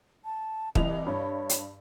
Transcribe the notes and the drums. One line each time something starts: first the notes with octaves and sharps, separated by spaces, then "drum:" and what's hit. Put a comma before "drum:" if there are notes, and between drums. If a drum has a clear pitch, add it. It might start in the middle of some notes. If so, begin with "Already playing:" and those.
A5
C2 E3 D#5 F7, drum: kick
G2 C#5
drum: hi-hat